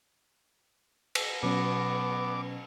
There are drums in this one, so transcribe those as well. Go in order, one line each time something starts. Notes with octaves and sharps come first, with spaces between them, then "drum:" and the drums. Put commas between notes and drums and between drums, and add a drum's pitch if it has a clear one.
drum: cymbal
B2 F#3 B3 C#4 D6